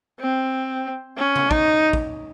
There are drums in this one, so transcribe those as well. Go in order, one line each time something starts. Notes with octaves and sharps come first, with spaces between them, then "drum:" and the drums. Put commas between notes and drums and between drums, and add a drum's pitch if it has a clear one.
C4
C#4
drum: tom C3
D#4, drum: kick
drum: kick